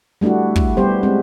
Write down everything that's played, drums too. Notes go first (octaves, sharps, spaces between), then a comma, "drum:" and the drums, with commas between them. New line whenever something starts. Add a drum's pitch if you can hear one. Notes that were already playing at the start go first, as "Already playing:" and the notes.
G3 A3 D4 E4 F#4
drum: kick
G3 B3 G4 C5
G#3 C4